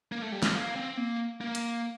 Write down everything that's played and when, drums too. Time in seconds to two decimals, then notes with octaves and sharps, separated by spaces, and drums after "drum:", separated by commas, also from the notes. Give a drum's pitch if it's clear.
0.12 A#3
0.22 A3
0.32 G3
0.42 A3, drum: snare
0.55 A#3
0.76 C4
0.97 A#3
1.41 A#3
1.55 drum: hi-hat